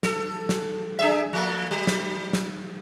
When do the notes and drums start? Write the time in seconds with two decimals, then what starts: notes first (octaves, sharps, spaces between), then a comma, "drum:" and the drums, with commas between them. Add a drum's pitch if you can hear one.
0.03 A4, drum: snare
0.49 drum: snare
0.99 D4 G#4 E5
1.33 F3 A3 A#3
1.71 F#3
1.87 drum: snare
2.33 drum: snare